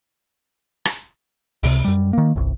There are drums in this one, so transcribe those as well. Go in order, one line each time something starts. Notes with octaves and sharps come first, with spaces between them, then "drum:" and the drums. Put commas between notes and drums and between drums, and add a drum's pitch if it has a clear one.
drum: rim click
C#2 C3, drum: open hi-hat
F#2 G3
D#3 A#3
G1 C2